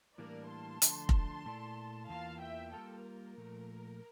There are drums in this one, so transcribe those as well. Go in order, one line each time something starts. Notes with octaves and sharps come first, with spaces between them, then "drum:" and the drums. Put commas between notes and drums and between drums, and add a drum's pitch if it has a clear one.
A2 E3 G3 A#3 D4 A#4 D5
A5 C6
D3 F3 A3 D4, drum: hi-hat
drum: kick F1
A#2 A3 E4 A4 D5
E2 E3 A#3 F4 F5 A5
E5 G5
G3 A#3 F4 A4
A#4
A#2 F3 A3